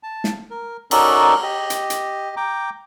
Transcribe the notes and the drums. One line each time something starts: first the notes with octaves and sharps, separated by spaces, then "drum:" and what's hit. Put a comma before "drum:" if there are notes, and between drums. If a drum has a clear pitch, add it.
A5
drum: snare
A#4
C#4 D#4 F#4 A4 A#4 D5, drum: cymbal
G4 D#5
drum: hi-hat
drum: hi-hat
G5 A#5 D6